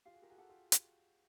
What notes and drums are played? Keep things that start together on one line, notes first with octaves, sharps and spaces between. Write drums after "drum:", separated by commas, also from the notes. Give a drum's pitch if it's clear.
F4 G4 F5
F#4 G#4
F4 G4 A#4
F#4 G#4
G4 A4 F#5
F4 G4
drum: hi-hat